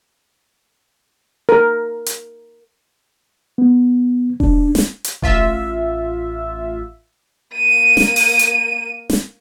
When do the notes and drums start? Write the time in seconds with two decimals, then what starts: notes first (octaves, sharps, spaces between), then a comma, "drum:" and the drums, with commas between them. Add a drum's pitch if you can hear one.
1.49 A#4
2.06 drum: hi-hat
3.58 B3
4.40 D4, drum: kick E1
4.75 drum: snare
5.04 drum: hi-hat
5.22 A1 F4 E5, drum: kick E1
7.55 A#3 D#7
7.97 drum: snare
8.16 drum: open hi-hat
8.39 drum: hi-hat
9.10 drum: snare